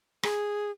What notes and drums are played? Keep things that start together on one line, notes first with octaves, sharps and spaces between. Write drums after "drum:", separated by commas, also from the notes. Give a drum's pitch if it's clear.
G#4, drum: rim click